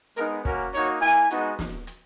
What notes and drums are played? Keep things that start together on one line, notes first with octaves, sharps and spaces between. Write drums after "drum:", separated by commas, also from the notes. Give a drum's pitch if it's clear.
G#3 B3 D#4 A#4, drum: hi-hat
A#3 C#4 F#4 A#4, drum: kick
A#3 D#4 F#4 C#5, drum: hi-hat
A#3 E4 G#5
G#3 B3 D#4 F#4, drum: hi-hat
drum: snare
drum: hi-hat